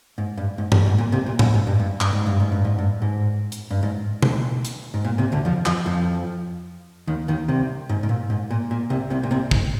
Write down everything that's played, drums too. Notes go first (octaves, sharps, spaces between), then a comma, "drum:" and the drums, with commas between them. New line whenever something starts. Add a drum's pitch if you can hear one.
G#2
G2
G#2
G2, drum: tom G2
G#2
A#2
C2 C3
A#2
G#2, drum: tom A2
G#2
G2
G2
G2, drum: clap
G#2
G2
G#2
G2
G#2
G2
G#2
drum: hi-hat
G2
G#2
drum: tom B2
drum: hi-hat
G#2
A#2
C2 C3
D2 D3
F2 F3
F2 F3, drum: clap
F2 F3
D#2 D#3
D#2 D#3
C2 C3
G#2
G#2
A#2
G#2
A#2
A#2
C2 C3
C2 C3
A#2
C2 C3
G#2, drum: kick